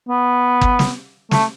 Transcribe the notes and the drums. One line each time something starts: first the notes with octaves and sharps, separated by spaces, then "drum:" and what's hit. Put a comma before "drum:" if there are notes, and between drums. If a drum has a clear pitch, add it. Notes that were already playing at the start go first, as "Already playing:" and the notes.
B3
drum: kick
drum: snare
A3, drum: snare